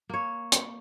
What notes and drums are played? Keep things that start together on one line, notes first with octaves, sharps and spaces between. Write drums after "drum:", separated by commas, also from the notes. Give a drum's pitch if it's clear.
A#3 C#5
drum: hi-hat